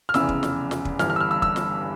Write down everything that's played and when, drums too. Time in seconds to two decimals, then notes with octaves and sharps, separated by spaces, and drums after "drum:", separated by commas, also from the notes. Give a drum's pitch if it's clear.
0.09 F6
0.14 F1 E2 C#3 E3 E6, drum: snare
0.29 drum: kick
0.43 drum: snare
0.71 drum: snare
0.85 drum: kick
0.99 G1 G2 E3 F6, drum: snare
1.10 F6
1.16 E6
1.20 F6
1.31 E6
1.42 E6, drum: kick
1.56 drum: snare